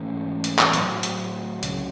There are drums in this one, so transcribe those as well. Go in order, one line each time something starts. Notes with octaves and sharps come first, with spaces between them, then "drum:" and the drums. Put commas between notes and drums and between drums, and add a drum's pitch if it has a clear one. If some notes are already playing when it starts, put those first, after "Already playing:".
Already playing: G#2 E3 A3 C#4
drum: hi-hat
drum: clap
A2 F#3 C4, drum: hi-hat
drum: hi-hat
C#2 C#3 F#3, drum: hi-hat